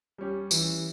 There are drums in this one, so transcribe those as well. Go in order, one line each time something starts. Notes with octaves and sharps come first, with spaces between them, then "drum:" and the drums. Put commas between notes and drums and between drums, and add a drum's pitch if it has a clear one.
G3 C#4 G4
E3, drum: tambourine